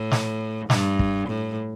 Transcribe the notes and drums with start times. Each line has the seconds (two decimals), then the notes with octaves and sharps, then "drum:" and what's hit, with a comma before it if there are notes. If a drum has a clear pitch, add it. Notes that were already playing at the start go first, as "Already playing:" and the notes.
Already playing: A2
0.11 drum: snare
0.70 G2, drum: snare
0.99 drum: kick
1.28 A2